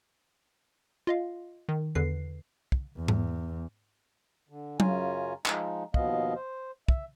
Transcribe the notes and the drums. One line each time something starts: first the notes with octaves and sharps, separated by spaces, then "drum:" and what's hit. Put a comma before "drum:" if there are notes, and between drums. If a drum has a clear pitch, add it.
F4 D#5 F5
D#3
E2 D3 B4 C7
drum: kick
E2
drum: tom G#2
D3
F#2 C#3 C#4 F4 G#5 A#5, drum: tom F#3
F3 G#3 D#4, drum: clap
D#2 B2 F3 B3 D#5 F5, drum: kick
C5
E5, drum: kick